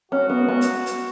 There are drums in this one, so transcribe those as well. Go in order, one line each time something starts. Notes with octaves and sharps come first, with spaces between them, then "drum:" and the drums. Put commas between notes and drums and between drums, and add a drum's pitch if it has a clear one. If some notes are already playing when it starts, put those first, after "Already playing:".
C#4 F#4
B3
B3
drum: hi-hat
drum: hi-hat